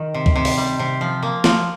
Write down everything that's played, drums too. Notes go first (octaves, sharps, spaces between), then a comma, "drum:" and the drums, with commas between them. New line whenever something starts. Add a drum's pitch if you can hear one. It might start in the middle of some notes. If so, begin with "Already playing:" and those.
Already playing: D#3
C3
drum: kick
C3
drum: open hi-hat
G3
C3
F3
A#3
F3, drum: snare